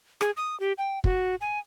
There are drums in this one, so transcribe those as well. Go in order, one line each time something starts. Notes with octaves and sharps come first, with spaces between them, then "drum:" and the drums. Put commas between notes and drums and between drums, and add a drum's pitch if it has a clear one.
G#4, drum: rim click
D#6
G4
G5
F#4, drum: kick
G#5